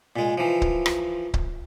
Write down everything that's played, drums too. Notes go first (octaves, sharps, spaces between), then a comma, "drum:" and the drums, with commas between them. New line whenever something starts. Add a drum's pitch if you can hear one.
A#2 G#3
E3 F3
drum: kick C#1
drum: rim click
drum: kick C#1